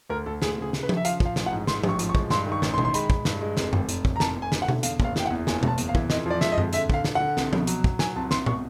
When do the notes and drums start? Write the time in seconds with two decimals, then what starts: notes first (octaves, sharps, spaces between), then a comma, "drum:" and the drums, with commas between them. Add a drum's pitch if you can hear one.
0.10 D2 A#4
0.26 D2 A4
0.42 D2 G#4, drum: snare
0.58 C#3 G#4
0.73 C#3, drum: snare
0.83 B4
0.89 C#3, drum: tom F3
0.97 E5
1.05 F3 F5, drum: hi-hat
1.20 F3, drum: kick
1.25 F5
1.36 A1, drum: snare
1.46 F#5
1.52 G#2
1.67 G#2 C6, drum: snare
1.83 A1, drum: tom F3
1.89 C#6
1.99 F3, drum: hi-hat
2.09 C#6
2.15 G#3, drum: kick
2.30 G2 C6, drum: snare
2.46 D#3
2.52 C#6
2.62 A1, drum: snare
2.74 C6
2.78 D#3, drum: tom B2
2.85 C6
2.94 G#3 B5, drum: hi-hat
3.10 G#3, drum: kick
3.25 G2, drum: snare
3.41 G#3
3.57 F1, drum: snare
3.73 F1, drum: tom F#2
3.89 F1, drum: hi-hat
4.05 F1, drum: kick
4.16 A#5
4.20 F1 A5, drum: snare
4.37 F1
4.42 G#5
4.52 D3, drum: snare
4.62 F#5
4.68 D3, drum: tom B2
4.83 E2 F5, drum: hi-hat
5.00 F#1 F5, drum: kick
5.16 E3 G5, drum: snare
5.26 F#5
5.30 E2
5.47 F#1 G#5, drum: snare
5.63 F#1 A5, drum: tom B2
5.78 E2, drum: hi-hat
5.89 F5
5.95 E3, drum: kick
6.10 F2 D#5, drum: snare
6.26 F3 D5
6.41 G#3 E5, drum: snare
6.52 D#5
6.58 F2, drum: tom F#2
6.73 D3 E5, drum: hi-hat
6.90 D3 F5, drum: kick
7.04 D3, drum: snare
7.15 D3 F#5
7.37 C2, drum: snare
7.53 B2, drum: tom F3
7.67 F#3, drum: hi-hat
7.84 F#3, drum: kick
7.99 F#3 G#5, drum: snare
8.16 C2 A5
8.31 C2 C6, drum: snare
8.46 B2 C#6, drum: tom